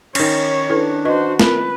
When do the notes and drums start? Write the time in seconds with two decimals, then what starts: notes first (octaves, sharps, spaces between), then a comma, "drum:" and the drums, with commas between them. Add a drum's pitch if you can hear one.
0.15 D#3 C#4 C#5, drum: cymbal
0.69 D4 E4 A4 B4
1.05 F#4 B4 C5 D#5 C#6
1.39 C4 F4 A#4 B4, drum: snare